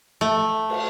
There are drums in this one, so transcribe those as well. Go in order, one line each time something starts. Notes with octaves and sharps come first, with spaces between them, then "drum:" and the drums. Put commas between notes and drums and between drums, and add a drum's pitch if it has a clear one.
A3
drum: cymbal